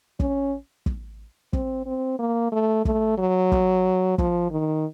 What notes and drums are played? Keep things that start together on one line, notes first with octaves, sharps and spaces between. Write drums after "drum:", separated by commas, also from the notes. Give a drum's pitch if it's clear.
C#4, drum: kick
drum: kick
C4, drum: kick
C4
A#3
A3
A3, drum: kick
F#3
drum: kick
F3, drum: kick
D#3